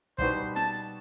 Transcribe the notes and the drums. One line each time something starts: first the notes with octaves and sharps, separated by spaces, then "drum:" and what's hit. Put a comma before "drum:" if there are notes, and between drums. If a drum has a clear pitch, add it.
B2 G3 D#4 F#4 B4 C5, drum: kick, hi-hat
A5, drum: snare
drum: hi-hat